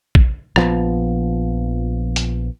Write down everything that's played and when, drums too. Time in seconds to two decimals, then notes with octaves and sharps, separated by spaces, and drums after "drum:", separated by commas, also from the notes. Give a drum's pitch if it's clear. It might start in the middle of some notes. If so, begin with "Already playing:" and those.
0.15 drum: kick
0.56 A#1 F3 B3, drum: rim click
2.16 drum: hi-hat